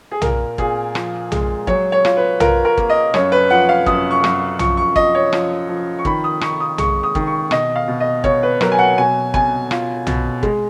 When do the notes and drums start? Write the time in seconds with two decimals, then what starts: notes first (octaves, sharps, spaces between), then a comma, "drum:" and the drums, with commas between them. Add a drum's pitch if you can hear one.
0.11 G#4
0.22 A#2 A#4, drum: tom B1
0.58 A#2 G#4, drum: kick
0.95 F3, drum: rim click
1.32 G#3, drum: tom B1
1.67 F#3 C#5, drum: kick
1.92 C#5
2.05 F4, drum: rim click
2.17 B4
2.40 F4 A#4, drum: tom B1
2.65 A#4
2.78 A#3, drum: kick
2.90 D#5
3.14 F#2 C#5, drum: rim click
3.32 B4
3.50 F3 F#5
3.69 F5
3.86 F#2 D#6, drum: kick
4.11 C#6
4.24 F#2, drum: rim click
4.59 F3 C#6, drum: tom B1
4.77 C#6
4.96 F3 D#5, drum: kick
5.15 C#5
5.33 F3, drum: rim click
5.68 F3
5.99 C#6
6.05 D#3 B5, drum: kick
6.24 D#6
6.41 D#4 C#6, drum: rim click
6.60 D#6
6.78 G#3 C#6, drum: tom B1
7.03 D#6
7.15 D#3, drum: kick
7.27 C#6
7.51 B2 D#5, drum: rim click
7.76 F5
7.88 B2
8.00 D#5
8.24 B2 C#5, drum: kick
8.43 B4
8.61 F#3 A#4, drum: rim click
8.72 G#5
8.79 F#5
8.98 B2 G#5
9.34 B2 G#5, drum: kick
9.71 F4, drum: rim click
10.07 B2, drum: tom B1
10.43 G#3, drum: kick